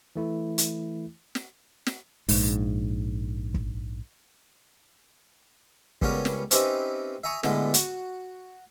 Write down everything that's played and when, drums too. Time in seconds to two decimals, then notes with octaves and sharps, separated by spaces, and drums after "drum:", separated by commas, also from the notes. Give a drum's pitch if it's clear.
0.16 E3 A3 E4
0.58 drum: hi-hat
1.35 drum: snare
1.86 drum: snare
2.29 A#1 G#2, drum: open hi-hat
3.54 drum: kick
6.02 C#2 G3 B3 C#4 A#4 C#5, drum: kick
6.25 drum: snare
6.51 C4 C#4 D#4 G4 B4 E5, drum: hi-hat
7.24 E5 G#5 A#5 C#6 D#6
7.43 A2 D3 G3 G#3 B3, drum: snare
7.74 F#4, drum: hi-hat